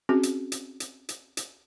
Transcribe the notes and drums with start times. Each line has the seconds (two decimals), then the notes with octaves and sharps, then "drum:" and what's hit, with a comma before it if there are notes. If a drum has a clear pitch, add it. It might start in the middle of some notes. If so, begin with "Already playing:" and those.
0.09 C4 C#4 F#4 G#4
0.23 drum: hi-hat
0.52 drum: hi-hat
0.80 drum: hi-hat
1.09 drum: hi-hat
1.37 drum: hi-hat